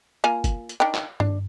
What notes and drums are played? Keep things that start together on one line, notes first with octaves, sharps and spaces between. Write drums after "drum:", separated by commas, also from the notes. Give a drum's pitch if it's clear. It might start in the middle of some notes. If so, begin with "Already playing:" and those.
A#3 F4 G#5
drum: kick G1, hi-hat
drum: hi-hat
D#3 D4 G5
drum: clap
D4, drum: tom G2